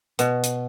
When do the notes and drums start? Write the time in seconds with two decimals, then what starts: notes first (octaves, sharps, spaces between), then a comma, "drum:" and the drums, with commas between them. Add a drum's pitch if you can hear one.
0.19 B2, drum: hi-hat
0.44 drum: hi-hat